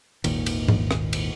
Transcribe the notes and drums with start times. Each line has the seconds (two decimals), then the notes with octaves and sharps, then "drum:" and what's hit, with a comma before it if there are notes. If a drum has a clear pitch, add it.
0.24 G#1 D#2 A#2 D#3, drum: cymbal
0.46 drum: cymbal
0.68 drum: tom G#2
0.91 drum: rim click
1.13 drum: cymbal